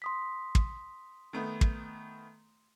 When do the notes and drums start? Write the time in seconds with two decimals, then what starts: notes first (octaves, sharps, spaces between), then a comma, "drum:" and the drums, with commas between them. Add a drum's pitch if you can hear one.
0.02 C6 D#6 B6
0.55 drum: kick
1.33 D#3 A3 B3
1.61 drum: kick